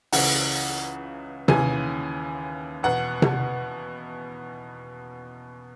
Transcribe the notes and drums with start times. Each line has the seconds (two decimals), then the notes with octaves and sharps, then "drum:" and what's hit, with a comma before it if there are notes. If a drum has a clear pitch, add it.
0.12 C#2 C#3 E3 F#5, drum: open hi-hat
1.48 D#2 C#3 E3 G#5, drum: tom C3
2.83 E2 B2 F#5
3.22 drum: tom C3